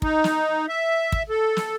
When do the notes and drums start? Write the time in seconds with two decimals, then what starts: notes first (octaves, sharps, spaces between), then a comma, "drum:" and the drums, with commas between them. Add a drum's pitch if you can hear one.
0.02 D#4, drum: kick
0.24 drum: snare
0.69 E5
1.12 drum: kick
1.29 A4
1.57 drum: snare